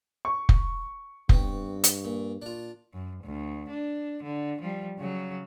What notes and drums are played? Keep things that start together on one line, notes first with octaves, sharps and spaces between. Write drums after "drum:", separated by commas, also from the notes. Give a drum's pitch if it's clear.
C#6
drum: kick F1
G2 B3 C4, drum: kick F1
drum: hi-hat
A#2
A#2 D4 F4
F#2
D2
D4
D3
F3 G3
C#3 F#3